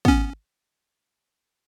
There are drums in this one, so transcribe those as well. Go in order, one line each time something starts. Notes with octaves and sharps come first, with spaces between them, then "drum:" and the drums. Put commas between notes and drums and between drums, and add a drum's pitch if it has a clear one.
B3 C#4, drum: kick